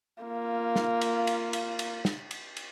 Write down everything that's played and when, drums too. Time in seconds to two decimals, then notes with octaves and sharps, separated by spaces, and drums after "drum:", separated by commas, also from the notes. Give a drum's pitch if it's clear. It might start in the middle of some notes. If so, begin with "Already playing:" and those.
0.24 A#3 F4
0.76 drum: snare
1.01 drum: cymbal
1.27 drum: cymbal
1.53 drum: cymbal
1.79 drum: cymbal
2.05 drum: snare
2.31 drum: cymbal
2.57 drum: cymbal